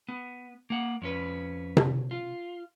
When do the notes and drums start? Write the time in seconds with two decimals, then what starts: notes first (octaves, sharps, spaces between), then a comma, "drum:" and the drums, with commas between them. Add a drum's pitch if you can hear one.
0.08 B3
0.70 A#3 F#5
1.02 F2 C#4 B4
1.77 drum: tom C3
2.11 F4